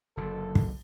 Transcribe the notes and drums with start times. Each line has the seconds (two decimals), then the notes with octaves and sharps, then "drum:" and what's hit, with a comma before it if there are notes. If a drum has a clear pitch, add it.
0.17 F#1 D3 A4
0.55 drum: kick